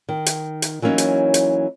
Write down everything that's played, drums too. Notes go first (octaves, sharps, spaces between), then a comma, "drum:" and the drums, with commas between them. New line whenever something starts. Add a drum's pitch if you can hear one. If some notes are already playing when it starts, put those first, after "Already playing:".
D#3
drum: hi-hat
drum: hi-hat
E3 F#3 A#3 C#4 D#4
drum: hi-hat
drum: hi-hat